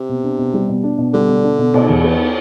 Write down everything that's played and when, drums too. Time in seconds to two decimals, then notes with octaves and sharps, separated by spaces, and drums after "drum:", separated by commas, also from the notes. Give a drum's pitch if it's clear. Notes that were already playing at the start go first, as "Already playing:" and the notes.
Already playing: C3
0.09 B2
0.24 D4
0.39 B2
0.54 G3
0.69 B2
0.84 D4
0.98 B2
1.14 D3 G3
1.29 B2
1.44 D4
1.59 B2
1.74 B2, drum: cymbal
1.89 E2
2.04 B3